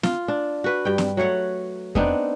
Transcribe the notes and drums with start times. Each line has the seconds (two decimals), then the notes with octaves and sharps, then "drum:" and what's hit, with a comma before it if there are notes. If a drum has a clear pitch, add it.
0.03 F4, drum: snare
0.28 D4
0.64 F#4 B4
0.85 G2 G5
0.98 drum: snare
1.17 F#3 A3 C#5 F#5
1.95 B3 C4 D4 D#4, drum: kick E2